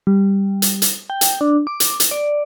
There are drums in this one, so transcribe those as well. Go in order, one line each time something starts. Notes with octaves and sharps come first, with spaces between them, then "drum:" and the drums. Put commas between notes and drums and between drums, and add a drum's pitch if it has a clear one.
G3
drum: hi-hat
drum: hi-hat
G5
drum: hi-hat
D4
D6
drum: hi-hat
drum: hi-hat
D5